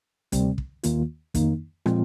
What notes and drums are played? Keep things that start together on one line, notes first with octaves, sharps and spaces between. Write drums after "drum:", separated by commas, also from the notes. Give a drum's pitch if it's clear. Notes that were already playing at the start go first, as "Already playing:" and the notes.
D2 C3 G3 C4, drum: kick, hi-hat
drum: kick
D#2 D#3 A#3 F4, drum: hi-hat
F2 D#3 A#3 D#4, drum: kick, hi-hat
A#2 F3 G#3 C4 F4, drum: rim click